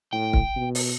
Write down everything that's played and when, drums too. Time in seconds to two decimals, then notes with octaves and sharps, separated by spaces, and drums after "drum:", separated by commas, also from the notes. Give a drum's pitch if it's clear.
0.13 A2 G5
0.33 drum: kick
0.56 B2
0.75 drum: open hi-hat